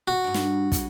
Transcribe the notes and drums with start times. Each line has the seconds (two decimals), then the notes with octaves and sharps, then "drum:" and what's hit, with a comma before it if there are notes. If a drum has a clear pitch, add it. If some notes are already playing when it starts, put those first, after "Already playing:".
0.08 F#4
0.24 G2 D4
0.34 drum: snare
0.72 C#3, drum: kick, hi-hat